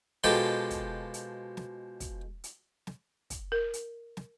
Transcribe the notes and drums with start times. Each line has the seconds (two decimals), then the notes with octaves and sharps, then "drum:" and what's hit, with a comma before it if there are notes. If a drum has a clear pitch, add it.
0.24 B2 F3 G#3 G4 A4
0.70 drum: kick, hi-hat
1.14 drum: hi-hat
1.57 drum: snare
2.00 drum: kick, hi-hat
2.44 drum: hi-hat
2.87 drum: snare
3.30 drum: kick, hi-hat
3.52 A#4
3.74 drum: hi-hat
4.17 drum: snare